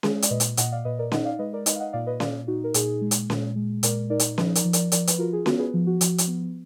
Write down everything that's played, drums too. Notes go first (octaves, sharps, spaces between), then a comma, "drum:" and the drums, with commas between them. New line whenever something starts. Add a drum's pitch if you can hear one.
G#3 G#4, drum: snare C#4
D5, drum: hi-hat
A#2 B4 D#5
drum: hi-hat
A#2 D#5 F#5, drum: hi-hat
D5 F5
A#2 B4 D#5
A#4 D5
D#4 D#5 F#5, drum: snare C#4
D5 F5
G#3 B4 D#5
A#4 D5
D#4 B4 D#5, drum: hi-hat
F5
D#5 F#5
A#2 D5 F5
B4 D#5
A#2 D5 F5, drum: snare C#4
D#4 F#4
A#4
A#2 G#4, drum: hi-hat
G#3
drum: hi-hat
A#2, drum: snare C#4
G#3
A#2 A#4 D5, drum: hi-hat
D#4 A#4 D5
drum: hi-hat
F3 B4 D#5, drum: snare C#4
A#4 D5, drum: hi-hat
F3
A#4 D5, drum: hi-hat
F3 A#4 D5, drum: hi-hat
B4, drum: hi-hat
F4 F#4 A#4
G#4
B3 F#4 A#4, drum: snare C#4
G#4 B4
F3
F#4
F3, drum: hi-hat
drum: hi-hat
B3